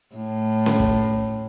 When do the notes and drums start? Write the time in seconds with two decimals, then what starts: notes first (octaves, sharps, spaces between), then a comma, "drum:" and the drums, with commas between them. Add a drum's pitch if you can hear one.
0.15 A2
0.66 drum: snare C#4
0.80 drum: kick